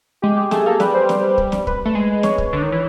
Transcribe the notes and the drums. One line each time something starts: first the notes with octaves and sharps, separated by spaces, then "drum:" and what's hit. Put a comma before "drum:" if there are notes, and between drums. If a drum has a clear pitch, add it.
G#3 G4
G4
A3 G#4, drum: snare
A#3 A4
G3 B4, drum: snare
C5
drum: snare
drum: kick
drum: snare
B4, drum: kick
A3
G#3
C#5, drum: snare
drum: kick
D3
D#3
E3